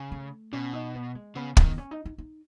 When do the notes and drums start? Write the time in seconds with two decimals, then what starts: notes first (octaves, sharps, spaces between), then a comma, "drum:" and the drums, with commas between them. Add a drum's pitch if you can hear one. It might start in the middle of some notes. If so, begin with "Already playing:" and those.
Already playing: C#3
0.12 A3
0.53 B2 C#4
0.73 D#4
0.95 B3
1.15 G#3
1.35 C#3 B3
1.57 D#3 B3, drum: kick
1.78 C#4
1.91 D#4
2.05 D#4
2.18 D#4